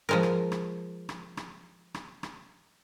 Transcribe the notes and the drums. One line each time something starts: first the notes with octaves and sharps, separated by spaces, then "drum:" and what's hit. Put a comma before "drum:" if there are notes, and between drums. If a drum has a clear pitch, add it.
F3 G#3 A#4
drum: rim click
drum: rim click
drum: rim click
drum: rim click
drum: rim click
drum: rim click